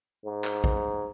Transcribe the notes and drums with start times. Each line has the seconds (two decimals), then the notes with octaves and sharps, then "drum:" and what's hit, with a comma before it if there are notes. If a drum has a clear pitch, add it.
0.25 G#2
0.44 drum: clap
0.64 drum: kick A1